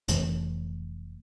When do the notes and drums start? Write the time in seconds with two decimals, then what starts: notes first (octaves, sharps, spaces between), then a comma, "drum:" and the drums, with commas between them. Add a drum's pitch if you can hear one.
0.08 F1 F2 E3 A3, drum: hi-hat